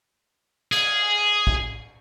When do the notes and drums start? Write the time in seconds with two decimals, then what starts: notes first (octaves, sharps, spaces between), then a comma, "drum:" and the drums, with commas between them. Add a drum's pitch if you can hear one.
0.72 G#4, drum: cymbal
1.47 drum: kick